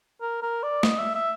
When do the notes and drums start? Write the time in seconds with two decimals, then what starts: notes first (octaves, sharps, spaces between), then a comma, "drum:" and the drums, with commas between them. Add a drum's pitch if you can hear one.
0.21 A#4
0.42 A#4
0.63 D5
0.83 D#5, drum: snare
0.99 E5
1.15 E5